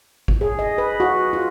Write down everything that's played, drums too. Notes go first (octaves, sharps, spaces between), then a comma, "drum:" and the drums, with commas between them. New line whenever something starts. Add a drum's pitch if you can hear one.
drum: kick G#1
G#4
D#5
B4
F#4
F4